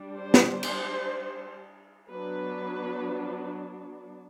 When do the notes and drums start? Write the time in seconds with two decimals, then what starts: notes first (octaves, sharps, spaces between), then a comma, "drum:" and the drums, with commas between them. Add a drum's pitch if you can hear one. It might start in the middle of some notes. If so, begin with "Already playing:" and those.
Already playing: G3 D4
0.18 C5
0.34 drum: snare
0.63 drum: cymbal
2.09 F#3 B3 D4 B4